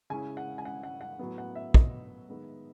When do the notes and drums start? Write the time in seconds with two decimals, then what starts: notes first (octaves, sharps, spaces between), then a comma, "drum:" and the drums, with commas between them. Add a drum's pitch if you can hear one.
0.10 C#3 G#3 C#4 E4 G#5
0.37 F#5
0.58 G#5
0.65 F#5
0.83 F#5
1.01 F#5
1.19 A2 F#3 B3
1.38 F#5
1.55 E5
1.74 D#5, drum: kick
2.28 D#3 G#3 B3 D#4